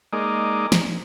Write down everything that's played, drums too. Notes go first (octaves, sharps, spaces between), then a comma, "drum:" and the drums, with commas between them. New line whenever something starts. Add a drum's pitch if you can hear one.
G#3 A#3 D#4 D5
drum: snare